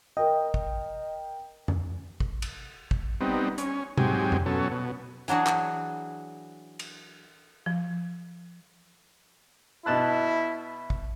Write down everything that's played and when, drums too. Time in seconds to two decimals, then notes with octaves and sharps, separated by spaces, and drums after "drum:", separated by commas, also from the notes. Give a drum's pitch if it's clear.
0.17 A#4 D#5 G5
0.54 drum: kick
1.68 drum: tom F2
2.20 drum: kick
2.42 drum: cymbal
2.91 drum: kick
3.21 G3 B3 C4 D#4
3.58 C#4, drum: hi-hat
3.98 G#2 F#3 C4 G4 G#5, drum: tom B2
4.32 drum: tom F2
4.46 B2 F#3 C#4 A4
4.71 B2
5.28 E3 F#3 D4 F#4 G#4, drum: hi-hat
5.47 drum: clap
6.79 drum: cymbal
7.66 F3
9.86 B2 E4 A5 F#6
10.90 drum: kick